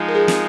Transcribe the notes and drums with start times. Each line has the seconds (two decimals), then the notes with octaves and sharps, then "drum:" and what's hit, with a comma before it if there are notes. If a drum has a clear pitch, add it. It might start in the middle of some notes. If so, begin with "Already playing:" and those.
Already playing: F3 G#3 D#4
0.08 A#4
0.15 G#4
0.28 drum: snare